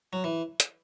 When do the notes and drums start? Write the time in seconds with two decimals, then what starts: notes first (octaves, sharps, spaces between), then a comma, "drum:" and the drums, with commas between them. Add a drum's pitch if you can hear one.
0.13 F#3
0.24 E3
0.60 drum: hi-hat